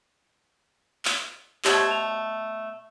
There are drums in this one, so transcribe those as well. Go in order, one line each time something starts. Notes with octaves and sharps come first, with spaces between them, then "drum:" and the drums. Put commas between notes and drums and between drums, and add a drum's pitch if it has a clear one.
drum: clap
B2 A3 G4 C5 C#5 G#6, drum: clap
F7